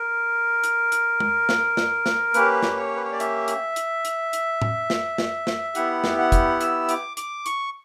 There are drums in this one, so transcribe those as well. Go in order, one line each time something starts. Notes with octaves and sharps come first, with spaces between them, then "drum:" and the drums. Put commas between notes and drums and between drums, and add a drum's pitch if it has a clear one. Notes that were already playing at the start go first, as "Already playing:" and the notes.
Already playing: A#4
drum: hi-hat
drum: hi-hat
drum: tom
drum: snare
drum: snare
drum: snare
A#3 C#4 G4 B4, drum: hi-hat
drum: snare
C#5
B4
C#5
D5
E5, drum: hi-hat
drum: hi-hat
drum: hi-hat
drum: hi-hat
drum: hi-hat
drum: tom
drum: snare
drum: snare
drum: snare
B3 E4 G4 F#5, drum: hi-hat
drum: snare
F#5
drum: kick, hi-hat
E6, drum: hi-hat
D6, drum: hi-hat
D6, drum: hi-hat
C#6, drum: hi-hat